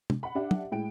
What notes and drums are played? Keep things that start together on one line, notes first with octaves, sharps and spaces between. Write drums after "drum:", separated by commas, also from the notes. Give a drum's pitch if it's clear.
drum: tom
F#5 B5
D4 G4 E5 F#5
drum: tom
A2 G#3 G5 D7